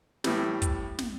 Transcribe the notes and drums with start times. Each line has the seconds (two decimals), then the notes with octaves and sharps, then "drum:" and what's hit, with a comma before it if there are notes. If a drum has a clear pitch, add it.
0.24 A2 E3 G3, drum: snare
0.62 drum: kick, hi-hat
0.99 drum: snare